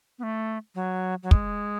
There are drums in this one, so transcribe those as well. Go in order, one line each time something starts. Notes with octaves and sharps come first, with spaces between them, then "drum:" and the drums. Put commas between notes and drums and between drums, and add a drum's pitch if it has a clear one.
B3
A3
F#3
F#3
G#3, drum: kick